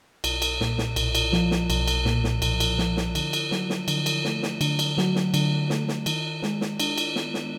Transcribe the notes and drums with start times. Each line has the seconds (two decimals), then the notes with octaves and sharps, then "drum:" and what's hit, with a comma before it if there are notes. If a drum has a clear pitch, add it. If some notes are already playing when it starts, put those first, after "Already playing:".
0.24 B1, drum: cymbal
0.42 drum: cymbal
0.61 A#2, drum: snare
0.78 drum: snare
0.96 B1, drum: cymbal
1.15 drum: cymbal
1.32 F3, drum: snare
1.51 drum: snare
1.70 B1, drum: cymbal
1.88 drum: cymbal
2.05 A#2, drum: snare
2.24 drum: snare
2.42 B1, drum: cymbal
2.60 drum: cymbal
2.78 F3, drum: snare
2.97 drum: snare
3.15 D3, drum: cymbal
3.33 drum: cymbal
3.51 F#3, drum: snare
3.70 drum: snare
3.88 D3, drum: cymbal
4.06 drum: cymbal
4.24 A3, drum: snare
4.43 drum: snare
4.61 D3, drum: cymbal
4.79 drum: cymbal
4.98 F#3, drum: snare
5.15 drum: snare
5.34 D3, drum: cymbal
5.70 A3, drum: snare
5.88 drum: snare
6.06 D#3, drum: cymbal
6.43 G#3, drum: snare
6.61 drum: snare
6.80 D4, drum: cymbal
6.98 drum: cymbal
7.16 B3, drum: snare
7.34 drum: snare